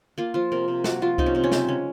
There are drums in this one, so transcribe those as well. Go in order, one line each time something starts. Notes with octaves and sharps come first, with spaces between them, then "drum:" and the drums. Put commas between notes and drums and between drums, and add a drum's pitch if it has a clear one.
A#3 F4
F3 F4
C3 A#4
C3
A#3 F#4, drum: snare
F3 F4
C3 D#4, drum: kick C2
C#4
C3 C4
C#4
C#3 C4, drum: snare
G#3 C#4